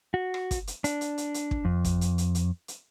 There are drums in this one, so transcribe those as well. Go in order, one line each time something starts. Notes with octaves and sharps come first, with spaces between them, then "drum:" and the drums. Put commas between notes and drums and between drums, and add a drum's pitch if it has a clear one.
F#4
drum: rim click
drum: kick, hi-hat
drum: hi-hat
D4, drum: hi-hat
drum: hi-hat
drum: hi-hat
drum: hi-hat
drum: kick
F2
drum: kick, hi-hat
drum: hi-hat
drum: hi-hat
drum: hi-hat
drum: hi-hat